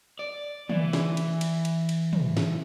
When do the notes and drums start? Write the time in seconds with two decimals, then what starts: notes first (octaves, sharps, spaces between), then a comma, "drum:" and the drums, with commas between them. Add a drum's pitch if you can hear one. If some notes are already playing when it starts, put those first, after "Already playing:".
0.19 D5
0.69 E3, drum: tom
0.93 drum: snare
1.17 drum: cymbal
1.41 drum: cymbal
1.65 drum: cymbal
1.89 drum: cymbal
2.13 drum: tom
2.37 drum: snare